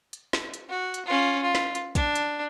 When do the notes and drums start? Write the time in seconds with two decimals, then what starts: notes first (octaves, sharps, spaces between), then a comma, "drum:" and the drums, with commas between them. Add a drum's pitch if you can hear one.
0.13 drum: hi-hat
0.33 drum: snare
0.54 drum: hi-hat
0.69 F#4
0.94 drum: hi-hat
1.06 C#4 F4
1.42 F4
1.55 drum: snare
1.75 drum: hi-hat
1.95 D4, drum: kick, hi-hat
2.15 drum: hi-hat